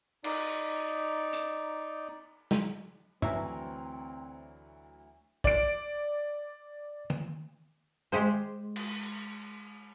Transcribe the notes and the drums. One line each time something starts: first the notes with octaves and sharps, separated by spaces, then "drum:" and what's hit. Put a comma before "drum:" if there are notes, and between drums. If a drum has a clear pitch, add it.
D#4 D5, drum: cymbal
drum: hi-hat
drum: snare
D2 E3 F#3 C4 C#5 E5 A5 A#5, drum: tom
D5 D7, drum: kick
drum: tom
G#3 G4 G#4 C5
drum: cymbal